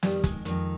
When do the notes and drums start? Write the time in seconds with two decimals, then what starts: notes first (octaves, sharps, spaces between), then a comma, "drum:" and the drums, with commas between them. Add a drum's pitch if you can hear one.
0.03 F2 D#3 G3, drum: snare
0.24 G#3, drum: kick, hi-hat
0.45 F2 D#3, drum: hi-hat